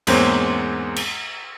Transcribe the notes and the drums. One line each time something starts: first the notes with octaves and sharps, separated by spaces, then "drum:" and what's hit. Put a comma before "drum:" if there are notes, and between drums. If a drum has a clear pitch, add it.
E2 G#2 G#3 A#3 C4 C#4, drum: cymbal
drum: cymbal